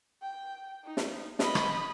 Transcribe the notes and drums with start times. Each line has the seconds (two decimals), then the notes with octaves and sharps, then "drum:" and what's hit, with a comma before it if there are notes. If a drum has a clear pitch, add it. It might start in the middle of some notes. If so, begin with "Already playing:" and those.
0.22 G5
0.85 D#4
0.97 drum: snare
1.39 D#5 B5, drum: snare
1.55 drum: rim click